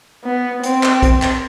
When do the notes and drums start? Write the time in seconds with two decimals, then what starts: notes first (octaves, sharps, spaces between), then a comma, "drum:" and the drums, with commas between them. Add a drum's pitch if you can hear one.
0.24 B3
0.63 C4, drum: hi-hat
0.83 drum: clap
1.02 drum: kick, hi-hat
1.22 drum: clap